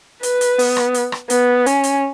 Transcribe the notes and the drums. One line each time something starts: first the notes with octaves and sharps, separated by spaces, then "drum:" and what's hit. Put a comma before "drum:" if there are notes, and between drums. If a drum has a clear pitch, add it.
B4, drum: hi-hat
drum: hi-hat
B3, drum: open hi-hat
drum: rim click
drum: hi-hat
drum: rim click
B3, drum: hi-hat
C#4, drum: hi-hat
drum: hi-hat